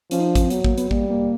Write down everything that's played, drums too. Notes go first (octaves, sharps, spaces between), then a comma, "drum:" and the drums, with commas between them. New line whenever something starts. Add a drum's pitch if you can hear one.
F3 C#4, drum: hi-hat
D#4
D4
C#4, drum: kick, hi-hat
C4
F#3 B3, drum: hi-hat
A#3, drum: kick
B3, drum: hi-hat
G3 A#3, drum: kick
A#3